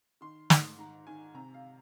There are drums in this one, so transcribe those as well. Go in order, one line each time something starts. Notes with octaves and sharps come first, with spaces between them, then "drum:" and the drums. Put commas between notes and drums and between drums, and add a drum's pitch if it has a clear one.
D#3 C6
G#2, drum: snare
D#3 A#5
D#3 G#5
C3 A#5
F5